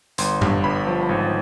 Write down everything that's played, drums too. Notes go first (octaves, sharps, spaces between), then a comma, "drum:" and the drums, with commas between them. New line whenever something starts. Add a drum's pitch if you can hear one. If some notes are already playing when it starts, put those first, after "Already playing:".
G1 C6, drum: hi-hat
G2, drum: tom F#2
G1 B5
F3
G#1